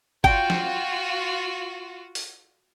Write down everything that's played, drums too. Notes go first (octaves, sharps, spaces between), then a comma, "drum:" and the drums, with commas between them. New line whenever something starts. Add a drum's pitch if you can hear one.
F4 F#4 G5, drum: kick G1
drum: snare
drum: open hi-hat